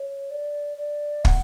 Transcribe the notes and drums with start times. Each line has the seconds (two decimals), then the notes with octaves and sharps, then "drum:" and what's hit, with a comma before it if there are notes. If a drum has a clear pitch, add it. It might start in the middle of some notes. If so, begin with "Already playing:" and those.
Already playing: C#5
0.31 D5
0.78 D5
1.25 F#5, drum: kick